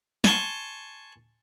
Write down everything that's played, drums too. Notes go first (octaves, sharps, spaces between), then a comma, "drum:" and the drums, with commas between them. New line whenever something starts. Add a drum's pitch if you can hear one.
G#5 A5 C6 C#6, drum: snare